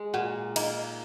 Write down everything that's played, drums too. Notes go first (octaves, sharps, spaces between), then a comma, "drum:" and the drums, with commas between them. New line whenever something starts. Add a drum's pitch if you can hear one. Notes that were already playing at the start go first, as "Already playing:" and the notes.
Already playing: G#3
A#2 F#4
A#3 D#4, drum: cymbal